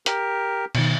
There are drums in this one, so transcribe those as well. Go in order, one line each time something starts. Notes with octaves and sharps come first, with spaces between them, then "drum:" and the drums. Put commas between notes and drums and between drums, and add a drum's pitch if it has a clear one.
G4 A#4, drum: hi-hat
B2 D#3, drum: cymbal